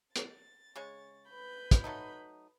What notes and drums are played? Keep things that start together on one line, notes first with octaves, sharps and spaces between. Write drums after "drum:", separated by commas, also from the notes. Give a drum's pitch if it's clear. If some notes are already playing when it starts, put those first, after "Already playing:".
A6, drum: hi-hat
C#3 G#3 C#5
B4 B5 G6
drum: kick, hi-hat
F#3 A3 D#4